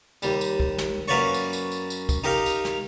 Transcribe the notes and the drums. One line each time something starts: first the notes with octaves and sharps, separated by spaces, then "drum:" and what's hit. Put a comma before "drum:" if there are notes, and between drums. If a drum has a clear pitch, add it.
D#2 G3, drum: tambourine
drum: tambourine
drum: kick
drum: snare
F#2 A#3 B4 C#5 D5 C#6
drum: tambourine
drum: tambourine
drum: tambourine
drum: tambourine
drum: kick, tambourine
D#4 G4 A#4 D#5 F5
drum: tambourine
drum: snare